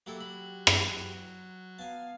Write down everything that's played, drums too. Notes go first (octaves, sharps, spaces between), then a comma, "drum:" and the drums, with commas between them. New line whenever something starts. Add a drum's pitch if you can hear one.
F#3 A#3 E4 G4 A4
B5
drum: rim click
B3 F5 G#5 A5